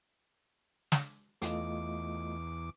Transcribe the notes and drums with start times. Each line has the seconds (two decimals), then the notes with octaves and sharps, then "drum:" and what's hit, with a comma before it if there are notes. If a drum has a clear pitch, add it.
0.92 drum: snare
1.42 E2 A3 F4 D#5 D6, drum: hi-hat